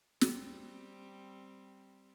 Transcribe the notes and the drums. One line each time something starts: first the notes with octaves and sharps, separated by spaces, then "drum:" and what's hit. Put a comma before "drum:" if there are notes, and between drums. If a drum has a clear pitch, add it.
G3 C4, drum: snare